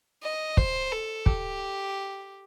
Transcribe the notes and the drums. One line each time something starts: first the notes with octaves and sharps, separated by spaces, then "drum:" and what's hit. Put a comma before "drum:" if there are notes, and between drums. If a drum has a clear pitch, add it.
D#5
C5, drum: kick
A4
G4, drum: kick